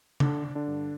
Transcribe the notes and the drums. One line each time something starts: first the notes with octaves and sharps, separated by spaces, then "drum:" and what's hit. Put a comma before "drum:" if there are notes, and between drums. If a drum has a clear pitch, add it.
D3 D4, drum: tom C#3
D3
D3 D4
G2